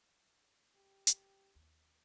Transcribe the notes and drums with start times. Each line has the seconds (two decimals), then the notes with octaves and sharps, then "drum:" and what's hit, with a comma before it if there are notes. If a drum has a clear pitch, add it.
0.75 G4
1.07 drum: hi-hat
1.55 D#2